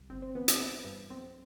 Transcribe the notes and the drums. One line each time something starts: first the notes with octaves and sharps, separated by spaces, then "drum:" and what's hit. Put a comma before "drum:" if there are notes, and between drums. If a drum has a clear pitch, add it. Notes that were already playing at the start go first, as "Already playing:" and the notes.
Already playing: C2
G1 C4
C4
E3 B3
C4, drum: hi-hat
E3 B3
G2
B1 C4